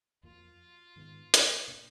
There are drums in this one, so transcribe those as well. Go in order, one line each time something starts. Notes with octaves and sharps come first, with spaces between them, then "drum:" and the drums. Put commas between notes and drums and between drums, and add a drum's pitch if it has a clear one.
F2 F3 A#3 F4
G#2 D#3 G#3 B3
drum: hi-hat
B2 A#3 D4